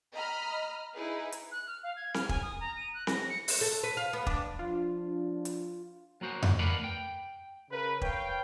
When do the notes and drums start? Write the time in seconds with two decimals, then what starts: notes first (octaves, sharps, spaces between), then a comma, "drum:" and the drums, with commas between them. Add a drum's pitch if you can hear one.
0.12 D#5 A#5 B5 F6
0.95 D#4 E4 G#4 B4
1.32 drum: hi-hat
1.52 F#6
1.67 F6
1.83 F5
1.96 G#6
2.14 F6, drum: snare C4
2.29 G#5, drum: kick
2.42 D#6
2.61 A#5
2.77 D#7
2.94 F#6
3.07 A#6, drum: snare C4
3.30 C#7
3.48 drum: open hi-hat
3.61 A4
3.83 B4
3.97 F5
4.13 B3
4.27 D4, drum: kick
4.59 F3 D4 F4
5.45 drum: hi-hat
6.21 F#3 A#3 F#4 C5
6.42 drum: tom F2
6.59 A3 A#4 B4 D5 F5 F#5
6.84 G5
7.71 C#3 A#4 B4
8.01 B4 C#5 F5 G5, drum: kick